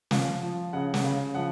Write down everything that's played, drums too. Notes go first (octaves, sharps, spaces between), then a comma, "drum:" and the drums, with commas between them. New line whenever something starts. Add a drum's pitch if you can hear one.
F3 F5, drum: snare
F3
C#3 F#5
drum: snare
C#3 F5
F3 F#5